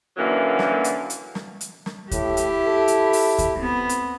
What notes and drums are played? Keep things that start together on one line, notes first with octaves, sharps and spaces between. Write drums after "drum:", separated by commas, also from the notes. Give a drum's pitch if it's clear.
F#2 D3 E3 F#3 A#3
drum: snare
drum: hi-hat
drum: hi-hat
drum: snare
drum: hi-hat
drum: snare
A2 E4 G4, drum: kick D2, hi-hat
drum: hi-hat
A4
drum: hi-hat
drum: open hi-hat
drum: kick D2, hi-hat
B3 C4
drum: hi-hat